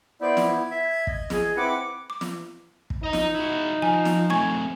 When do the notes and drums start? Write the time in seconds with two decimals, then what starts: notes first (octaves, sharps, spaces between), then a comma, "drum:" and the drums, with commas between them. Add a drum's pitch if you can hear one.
0.21 B3 E4 C5 D5 G6
0.37 drum: snare
0.46 G#6
0.71 E5
1.07 D#5, drum: kick
1.30 G#4, drum: snare
1.56 C4 E4 B4 F#5 D6
2.10 D6
2.21 drum: snare
2.90 drum: kick
3.03 D#4 D#5 A#5
3.13 drum: snare
3.35 E4 F#4
3.82 F3 G#5
4.05 drum: snare
4.30 A3 C4 G#5 C#6 G#6